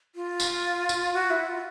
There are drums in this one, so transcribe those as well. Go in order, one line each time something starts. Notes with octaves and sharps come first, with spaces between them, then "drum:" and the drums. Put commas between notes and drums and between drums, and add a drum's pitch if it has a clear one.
F4
drum: tambourine
drum: tambourine
F#4
E4
F4